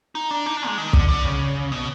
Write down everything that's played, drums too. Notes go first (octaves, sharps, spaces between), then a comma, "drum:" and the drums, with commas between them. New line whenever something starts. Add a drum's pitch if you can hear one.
D#4
D4
D#4
D4
G#3
D#3
D3, drum: kick
D3
C#3
B2